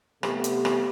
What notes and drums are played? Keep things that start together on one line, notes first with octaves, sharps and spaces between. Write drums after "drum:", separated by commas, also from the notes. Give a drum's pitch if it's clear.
C3 A3 B3 G4, drum: rim click
drum: hi-hat
drum: rim click